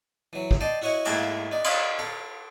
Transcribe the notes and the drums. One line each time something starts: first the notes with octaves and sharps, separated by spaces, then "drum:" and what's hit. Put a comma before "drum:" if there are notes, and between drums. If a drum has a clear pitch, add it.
E3 F#3
drum: kick
D5 D#5 G5 A5 C6
E4 F#4 C#5 D#5 F#5
G#2 A3 A#3 E4 C6 D6, drum: cymbal
D#4 D5
drum: cymbal
A4 F5